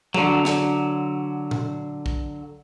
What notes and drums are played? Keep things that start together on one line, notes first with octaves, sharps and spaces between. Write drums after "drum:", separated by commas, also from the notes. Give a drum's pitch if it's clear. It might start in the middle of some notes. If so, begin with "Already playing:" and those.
D3 F#3, drum: tom F3
drum: snare
drum: tom A#2
drum: kick